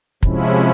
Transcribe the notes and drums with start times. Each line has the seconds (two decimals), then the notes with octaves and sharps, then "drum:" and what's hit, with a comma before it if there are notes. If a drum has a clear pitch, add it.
0.23 C3 F3 G#3 C#4 E4, drum: kick